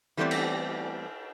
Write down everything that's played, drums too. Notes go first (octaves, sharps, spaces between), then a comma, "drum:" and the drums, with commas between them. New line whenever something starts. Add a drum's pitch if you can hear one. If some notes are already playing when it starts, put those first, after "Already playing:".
E3 G3 A3 B3 C4 D5
drum: cymbal